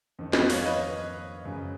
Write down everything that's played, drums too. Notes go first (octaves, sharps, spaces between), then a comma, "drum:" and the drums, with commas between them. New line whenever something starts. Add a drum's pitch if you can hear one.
F2 D#3
B4 D#5, drum: snare
C#5 F5, drum: open hi-hat
B4 D#5
F#2 C#3